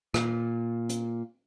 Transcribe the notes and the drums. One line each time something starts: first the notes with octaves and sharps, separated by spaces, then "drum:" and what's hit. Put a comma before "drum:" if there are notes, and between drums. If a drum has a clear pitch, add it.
A#2, drum: rim click
drum: hi-hat